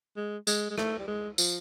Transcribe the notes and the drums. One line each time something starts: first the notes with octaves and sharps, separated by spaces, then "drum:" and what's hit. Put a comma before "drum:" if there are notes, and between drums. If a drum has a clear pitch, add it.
G#3
G#3, drum: tambourine
G#3
A3, drum: rim click
G3
G#3
F3, drum: tambourine